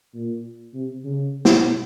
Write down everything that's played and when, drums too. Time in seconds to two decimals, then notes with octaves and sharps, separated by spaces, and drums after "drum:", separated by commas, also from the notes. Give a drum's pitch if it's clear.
0.14 A#2
0.74 C3
1.05 C#3
1.45 drum: snare